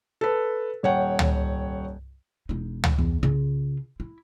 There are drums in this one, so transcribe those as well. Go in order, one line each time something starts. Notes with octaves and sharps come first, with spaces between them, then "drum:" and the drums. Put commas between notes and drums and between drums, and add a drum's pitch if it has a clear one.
A4 B4
D#1 C#5 F#5 G5
drum: tom C#2
E1 D#4
drum: tom C#2
E2
C#3 F4
E4